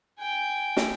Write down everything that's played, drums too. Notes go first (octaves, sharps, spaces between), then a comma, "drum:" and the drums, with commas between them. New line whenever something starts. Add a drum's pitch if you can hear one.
G5 G#5
drum: snare